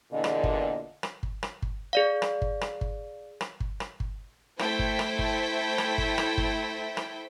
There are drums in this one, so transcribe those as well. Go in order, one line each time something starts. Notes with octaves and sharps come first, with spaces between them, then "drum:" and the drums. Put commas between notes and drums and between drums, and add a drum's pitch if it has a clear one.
E2 A#2 D3 D#5
drum: rim click
drum: kick G1
drum: rim click
drum: kick G1
drum: rim click
drum: kick G1
G#4 D5 F5
drum: rim click
drum: kick G1
drum: rim click
drum: kick G1
drum: rim click
drum: kick G1
drum: rim click
drum: kick G1
A3 E4 C5 G5 B6, drum: rim click
drum: kick G1
drum: rim click
drum: kick G1
drum: rim click
drum: kick G1
drum: rim click
drum: kick G1
drum: rim click